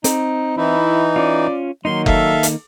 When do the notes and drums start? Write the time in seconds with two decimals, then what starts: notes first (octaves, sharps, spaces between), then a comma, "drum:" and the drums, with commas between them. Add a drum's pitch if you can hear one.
0.04 C4 D#4, drum: hi-hat
0.57 E3 D#4 E4
1.16 C#4 F4 D5
1.85 D#3 F#3 A#3 D#4 C6
2.06 A4 E5 F5, drum: kick F#1
2.43 drum: hi-hat